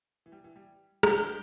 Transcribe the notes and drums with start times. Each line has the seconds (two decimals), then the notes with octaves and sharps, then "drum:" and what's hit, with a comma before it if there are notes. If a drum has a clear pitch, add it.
0.26 E3
0.32 G3
0.44 E3
0.56 G3
1.03 D4 G6 D7 G7, drum: rim click